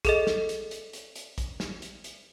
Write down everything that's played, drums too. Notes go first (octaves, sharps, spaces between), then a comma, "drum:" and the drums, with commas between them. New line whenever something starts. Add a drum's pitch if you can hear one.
G#4 A4 D#5, drum: kick A1, hi-hat
drum: snare
drum: hi-hat
drum: hi-hat
drum: hi-hat
drum: hi-hat
drum: kick A1, hi-hat
drum: snare
drum: hi-hat
drum: hi-hat